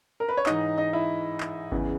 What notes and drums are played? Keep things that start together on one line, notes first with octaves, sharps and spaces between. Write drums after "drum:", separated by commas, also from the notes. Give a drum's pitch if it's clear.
A#4
B4
C#5
G#2 E3 D#4 D#5, drum: clap
D#4 D#5
E4 E5
drum: clap
E2 C#3 E3, drum: kick G#1